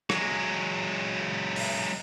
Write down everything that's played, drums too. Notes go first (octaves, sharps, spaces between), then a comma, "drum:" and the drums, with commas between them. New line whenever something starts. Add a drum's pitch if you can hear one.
F#3 G#3, drum: rim click
drum: open hi-hat